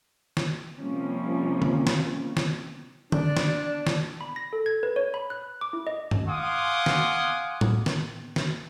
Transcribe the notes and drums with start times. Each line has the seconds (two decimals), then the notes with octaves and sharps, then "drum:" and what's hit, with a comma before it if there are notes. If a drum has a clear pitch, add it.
0.37 drum: snare
0.78 C3 F3 G3 A#3 C4 C#4
1.62 drum: tom D3
1.87 drum: snare
2.37 drum: snare
3.12 D4 D5, drum: tom D3
3.37 drum: snare
3.87 drum: snare
4.21 B5
4.36 A#6
4.53 A4
4.66 G#6
4.83 B4
4.96 C#5
5.14 B5
5.30 F#6
5.61 D6
5.73 E4
5.87 D#5
6.11 drum: tom
6.28 F5 F#5 G#5 C6 D6 D#6
6.86 drum: snare
7.61 drum: tom A2
7.86 drum: snare
8.36 drum: snare